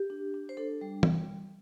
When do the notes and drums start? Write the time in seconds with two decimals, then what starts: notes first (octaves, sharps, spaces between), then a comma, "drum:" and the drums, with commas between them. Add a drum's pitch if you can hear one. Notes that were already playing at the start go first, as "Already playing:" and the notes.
Already playing: G4
0.10 D4
0.34 D4
0.49 C5
0.57 D4 A4
0.81 G3
1.03 drum: tom E3